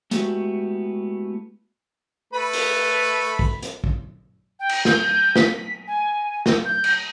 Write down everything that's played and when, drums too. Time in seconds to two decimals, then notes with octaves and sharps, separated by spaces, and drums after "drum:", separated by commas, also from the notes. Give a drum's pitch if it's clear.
0.11 G#3 A3 B3 E4 F#4 G4, drum: hi-hat
2.33 A3 B4 B5
2.53 drum: open hi-hat
3.39 drum: kick
3.63 drum: hi-hat
3.84 drum: kick
4.60 G5
4.69 drum: cymbal
4.85 G6, drum: snare
5.36 B6, drum: snare
5.87 G#5
6.46 drum: snare
6.65 G6
6.84 drum: cymbal